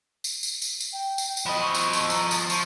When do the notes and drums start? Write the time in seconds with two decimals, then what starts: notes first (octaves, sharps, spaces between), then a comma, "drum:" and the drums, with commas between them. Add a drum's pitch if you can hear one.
0.24 drum: tambourine
0.43 drum: tambourine
0.62 drum: tambourine
0.81 drum: tambourine
0.93 G5
1.18 drum: tambourine
1.37 drum: tambourine
1.46 F3 D#5 B5
1.62 C#6
1.74 drum: tambourine
1.93 drum: tambourine
2.10 A#5, drum: tambourine
2.31 drum: tambourine
2.50 F3 C#6, drum: tambourine